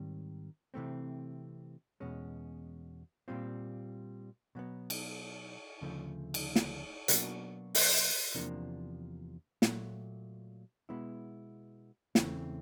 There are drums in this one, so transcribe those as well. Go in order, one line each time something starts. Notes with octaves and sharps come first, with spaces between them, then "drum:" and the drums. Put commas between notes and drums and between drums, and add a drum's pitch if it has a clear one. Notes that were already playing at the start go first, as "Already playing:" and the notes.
Already playing: G#2 D#3 G3 C4
C3 E3 A3 C4
E2 B2 G#3 C#4
A#2 G3 C4 F4
B2 F#3 B3
drum: cymbal
D2 C#3 F3 A3
drum: cymbal
drum: snare
B2 F#3 A#3 D4 F#4, drum: hi-hat
drum: open hi-hat
E2 C3 F3 A#3 D4
A#2 F#3 A3, drum: snare
B2 G#3 B3 E4
E2 C#3 E3 A3 C4, drum: snare